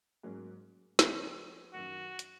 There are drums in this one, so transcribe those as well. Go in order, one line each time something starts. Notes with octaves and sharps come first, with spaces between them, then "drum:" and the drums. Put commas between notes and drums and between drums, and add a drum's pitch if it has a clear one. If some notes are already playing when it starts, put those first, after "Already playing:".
G#2 F#3 A#3 C#4
C#3 F3 C4, drum: snare
F#2 D#3 F#3 F#4
drum: hi-hat